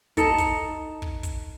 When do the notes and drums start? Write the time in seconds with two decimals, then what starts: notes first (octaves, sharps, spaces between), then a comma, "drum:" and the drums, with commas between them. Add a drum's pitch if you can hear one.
0.17 D#4 A4 C#7 E7, drum: kick, hi-hat
0.38 drum: kick, hi-hat
1.02 drum: kick
1.23 drum: kick, hi-hat